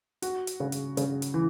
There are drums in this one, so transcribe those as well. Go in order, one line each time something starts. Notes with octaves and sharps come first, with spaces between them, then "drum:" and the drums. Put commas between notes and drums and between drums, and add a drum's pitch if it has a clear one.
F#4, drum: hi-hat
drum: hi-hat
C#3
drum: hi-hat
C#3, drum: hi-hat
drum: hi-hat
E3